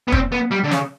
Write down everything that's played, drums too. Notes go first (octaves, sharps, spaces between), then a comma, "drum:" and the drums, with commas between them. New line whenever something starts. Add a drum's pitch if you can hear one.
B3
C4, drum: kick
B3
G3
D3
C#3, drum: snare